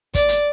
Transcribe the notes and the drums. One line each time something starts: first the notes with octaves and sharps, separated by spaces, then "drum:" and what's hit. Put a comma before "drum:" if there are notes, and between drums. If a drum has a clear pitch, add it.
D5, drum: kick, hi-hat
drum: hi-hat